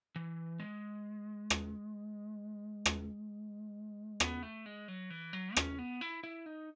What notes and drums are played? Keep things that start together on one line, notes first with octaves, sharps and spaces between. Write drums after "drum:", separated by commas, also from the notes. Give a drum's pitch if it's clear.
E3
G#3
drum: rim click
drum: rim click
B3, drum: rim click
A3
G#3
F#3
E3
F#3
C#4, drum: rim click
B3
E4
E4
D#4